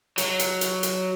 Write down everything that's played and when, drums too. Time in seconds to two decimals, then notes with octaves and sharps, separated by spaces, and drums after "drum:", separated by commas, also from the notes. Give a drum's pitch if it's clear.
0.18 F#3, drum: hi-hat
0.39 drum: hi-hat
0.61 drum: hi-hat
0.83 drum: hi-hat